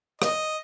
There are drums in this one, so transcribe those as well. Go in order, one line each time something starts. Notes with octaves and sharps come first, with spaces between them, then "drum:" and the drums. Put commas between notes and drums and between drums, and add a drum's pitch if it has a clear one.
D#5, drum: rim click